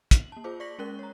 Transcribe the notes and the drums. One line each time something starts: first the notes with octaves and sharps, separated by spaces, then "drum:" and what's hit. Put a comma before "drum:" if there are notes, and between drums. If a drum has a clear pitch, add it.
F#7, drum: kick, hi-hat
A#3 A5
F4 G#4 C5 D6
D5 C#6 A#6 B6 F#7
G#3 C#4 A#4 F#6 G7
C#5 A#5